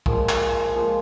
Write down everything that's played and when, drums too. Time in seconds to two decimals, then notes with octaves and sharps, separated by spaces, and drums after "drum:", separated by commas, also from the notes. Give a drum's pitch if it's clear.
0.06 A#2 F3 G#3, drum: kick
0.29 drum: clap
0.75 A#2 F3 G#3